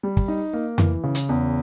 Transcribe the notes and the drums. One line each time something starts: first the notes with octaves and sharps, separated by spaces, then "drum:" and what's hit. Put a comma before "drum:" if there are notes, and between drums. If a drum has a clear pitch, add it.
G3
drum: kick
D#4
A#3
E3, drum: tom F2
C#3
drum: hi-hat
E2